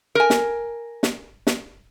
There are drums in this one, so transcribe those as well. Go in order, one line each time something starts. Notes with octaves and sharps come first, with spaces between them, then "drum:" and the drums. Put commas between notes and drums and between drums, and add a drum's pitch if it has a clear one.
A#4 G#5
drum: snare
drum: snare
drum: snare